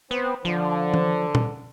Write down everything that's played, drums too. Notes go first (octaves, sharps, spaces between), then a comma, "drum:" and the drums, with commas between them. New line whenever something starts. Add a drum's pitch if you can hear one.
B3 C4
D3 F3
drum: tom E3
drum: tom A#2